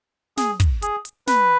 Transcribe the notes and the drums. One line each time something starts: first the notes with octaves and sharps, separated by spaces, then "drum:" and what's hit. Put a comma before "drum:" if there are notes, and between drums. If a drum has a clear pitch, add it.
G#4, drum: snare
drum: kick, hi-hat
G#4, drum: hi-hat
drum: hi-hat
B4, drum: snare